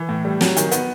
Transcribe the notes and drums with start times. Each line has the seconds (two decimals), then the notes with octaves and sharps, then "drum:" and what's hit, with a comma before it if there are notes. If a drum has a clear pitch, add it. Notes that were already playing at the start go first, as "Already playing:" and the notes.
Already playing: E3
0.09 A2
0.25 G3
0.41 F#3, drum: snare
0.57 D#3, drum: hi-hat
0.71 B3, drum: hi-hat